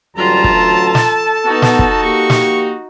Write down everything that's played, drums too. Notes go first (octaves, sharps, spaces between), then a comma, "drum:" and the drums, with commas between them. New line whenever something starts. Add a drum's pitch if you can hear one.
A1 D2 F#3 G3 F4 A5 A#5
drum: kick
A4
drum: snare
B3 D#4 F#4
drum: snare
drum: kick
A#3 G4 C#6
drum: snare